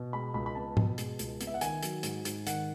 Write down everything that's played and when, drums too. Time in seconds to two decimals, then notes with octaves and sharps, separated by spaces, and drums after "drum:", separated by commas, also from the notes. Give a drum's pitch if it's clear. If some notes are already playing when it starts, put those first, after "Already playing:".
Already playing: B2
0.13 G#3 B5
0.34 C#2 B5
0.46 B5
0.55 B3 A5
0.77 B2, drum: tom G#2
0.98 G#3, drum: hi-hat
1.19 C#2, drum: hi-hat
1.41 B3, drum: hi-hat
1.47 E5
1.54 F#5
1.61 D#3 G#5, drum: hi-hat
1.83 F#3, drum: hi-hat
2.03 G#2, drum: hi-hat
2.25 G#2, drum: hi-hat
2.47 D#3 F#5, drum: hi-hat